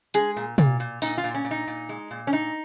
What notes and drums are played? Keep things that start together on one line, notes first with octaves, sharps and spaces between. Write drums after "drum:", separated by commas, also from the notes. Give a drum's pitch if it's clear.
G#3 G#4, drum: hi-hat
A#2
A#2, drum: tom
A#2
A#2 D#4, drum: open hi-hat
F4
A#2
C#4
A#2
D#4
A#2
G#3
A#2
C#4
A#2 D#4